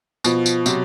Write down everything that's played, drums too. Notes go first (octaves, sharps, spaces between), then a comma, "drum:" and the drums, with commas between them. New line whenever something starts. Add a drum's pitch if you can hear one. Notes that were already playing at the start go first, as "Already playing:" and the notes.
B2 F3, drum: tambourine
drum: tambourine
C3 F#3, drum: tambourine